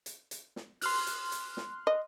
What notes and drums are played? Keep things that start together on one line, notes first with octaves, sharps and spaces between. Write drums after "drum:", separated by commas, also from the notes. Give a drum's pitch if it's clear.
drum: hi-hat
drum: hi-hat
drum: snare
C6 F6 F#6, drum: open hi-hat
drum: hi-hat
drum: hi-hat
drum: snare
D#5